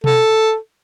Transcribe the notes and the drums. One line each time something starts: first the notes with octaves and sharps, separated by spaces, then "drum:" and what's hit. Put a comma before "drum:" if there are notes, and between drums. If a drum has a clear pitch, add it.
A4, drum: tom B2